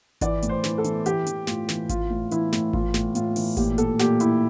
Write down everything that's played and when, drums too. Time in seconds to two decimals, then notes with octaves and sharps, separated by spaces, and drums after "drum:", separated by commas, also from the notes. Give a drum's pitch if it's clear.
0.21 E3 D5, drum: kick G#1, hi-hat
0.42 A2, drum: hi-hat
0.49 C5
0.64 E3, drum: snare
0.78 A4
0.84 E3, drum: hi-hat
1.06 E3 G4, drum: hi-hat
1.27 E3, drum: hi-hat
1.47 A2 F4, drum: snare
1.69 E3, drum: snare
1.89 E3 F4, drum: kick G#1, hi-hat
2.10 A2
2.31 E3 E4, drum: hi-hat
2.53 A2, drum: snare
2.73 E3 F4, drum: kick G#1
2.94 A2, drum: snare
3.15 A2 F4, drum: hi-hat
3.36 E3, drum: open hi-hat
3.57 A#2 G4, drum: kick G#1, hi-hat
3.78 A#2 A4, drum: hi-hat
3.99 A#2 G4, drum: snare
4.20 A#2 E4, drum: hi-hat